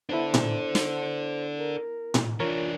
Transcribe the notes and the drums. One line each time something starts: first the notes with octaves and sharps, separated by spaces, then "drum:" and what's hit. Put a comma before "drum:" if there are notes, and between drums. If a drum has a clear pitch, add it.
B3 D4 E4 A4 C5
drum: tom A2
drum: snare
A#4
drum: tom A2
E3 D4 F4 A#4 C#5